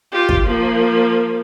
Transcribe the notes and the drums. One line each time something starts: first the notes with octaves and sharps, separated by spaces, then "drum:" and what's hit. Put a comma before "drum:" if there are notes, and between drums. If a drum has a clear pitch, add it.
F4 G4
drum: kick
F3 A#3